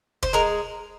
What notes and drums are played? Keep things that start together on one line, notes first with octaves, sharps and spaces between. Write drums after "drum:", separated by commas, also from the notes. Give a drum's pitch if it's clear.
C5, drum: kick
G#3 A#4